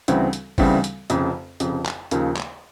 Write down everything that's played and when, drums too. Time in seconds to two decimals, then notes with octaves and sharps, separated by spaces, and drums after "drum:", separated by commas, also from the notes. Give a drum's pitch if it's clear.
0.08 D2 C#3 E3 G3 C4, drum: hi-hat
0.33 drum: hi-hat
0.58 D2 C#3 E3 G3 C4, drum: kick, open hi-hat
0.84 drum: hi-hat
1.10 F1 F2 C#3, drum: hi-hat
1.60 F1 F2 C#3, drum: hi-hat
1.86 drum: clap
2.11 D#2 C#3 F3 A#3, drum: hi-hat
2.37 drum: clap